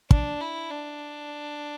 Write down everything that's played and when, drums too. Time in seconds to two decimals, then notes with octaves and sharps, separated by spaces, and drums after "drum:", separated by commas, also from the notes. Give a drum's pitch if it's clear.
0.11 D4, drum: kick
0.41 E4
0.70 D4